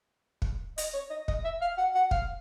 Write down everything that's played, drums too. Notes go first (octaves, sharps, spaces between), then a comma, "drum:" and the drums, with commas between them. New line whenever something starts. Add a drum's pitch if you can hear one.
drum: kick
D#5, drum: hi-hat
C#5
D#5
D#5, drum: kick
E5
F5
F#5
F#5
F5, drum: kick